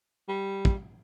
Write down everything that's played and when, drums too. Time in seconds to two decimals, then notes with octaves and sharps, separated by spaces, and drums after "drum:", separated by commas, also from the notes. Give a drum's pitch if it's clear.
0.28 G3
0.65 drum: kick